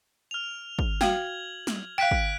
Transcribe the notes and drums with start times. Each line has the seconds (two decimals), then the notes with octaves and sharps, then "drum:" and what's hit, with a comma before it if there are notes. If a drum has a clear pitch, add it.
0.31 F6 F7
0.79 drum: kick
1.01 F#4 F5 G5 G#6 F#7, drum: snare
1.67 drum: snare
1.98 F5 G5 F#6 B6 D7
2.11 drum: kick